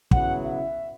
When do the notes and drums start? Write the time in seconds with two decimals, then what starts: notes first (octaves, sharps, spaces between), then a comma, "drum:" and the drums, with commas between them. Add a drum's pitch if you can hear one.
0.11 C#3 F#3 B3 E4 F#5, drum: kick
0.44 E5